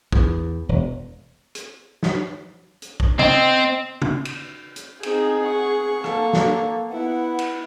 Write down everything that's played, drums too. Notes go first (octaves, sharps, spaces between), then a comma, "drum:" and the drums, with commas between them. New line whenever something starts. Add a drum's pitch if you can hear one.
E2, drum: kick
E1
drum: hi-hat
drum: snare
drum: hi-hat
drum: kick
C4 D#5, drum: tom
drum: tom
drum: cymbal
drum: hi-hat
C4 D#4 G#4, drum: cymbal
F#5 C#6
A#3 A4, drum: rim click
drum: snare
B3 E4 F#5
drum: cymbal